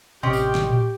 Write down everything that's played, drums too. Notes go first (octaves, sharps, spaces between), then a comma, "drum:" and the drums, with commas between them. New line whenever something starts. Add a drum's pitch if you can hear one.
A1 C3 C4 C#4 G4 D#5 G5 C6
drum: tambourine
drum: snare
drum: tom A2